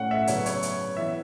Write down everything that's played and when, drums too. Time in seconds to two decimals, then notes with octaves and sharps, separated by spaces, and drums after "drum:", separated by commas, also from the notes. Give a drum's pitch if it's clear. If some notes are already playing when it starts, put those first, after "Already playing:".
Already playing: A2 A3 C#4 F#5
0.11 E5
0.27 C#3 F#3 B3 C#5, drum: hi-hat
0.46 C#5, drum: hi-hat
0.62 drum: hi-hat
0.97 E3 B3 E5